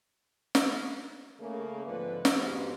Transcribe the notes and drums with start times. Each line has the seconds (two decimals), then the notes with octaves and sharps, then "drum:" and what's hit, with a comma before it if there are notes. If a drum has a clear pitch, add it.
0.55 drum: snare
1.40 C#3 A3 A#3
1.86 G#2 D3 F3 C4 B4
2.25 drum: snare
2.39 F2 G#2 B3 F#4 G4 C5